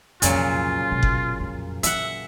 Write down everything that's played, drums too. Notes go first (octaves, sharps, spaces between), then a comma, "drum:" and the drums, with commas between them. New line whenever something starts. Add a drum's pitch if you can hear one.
C2 F2 A#2 C#3 F#3 F4, drum: hi-hat
B2
drum: kick F#1
F2 A2
E3 E5 F#5, drum: hi-hat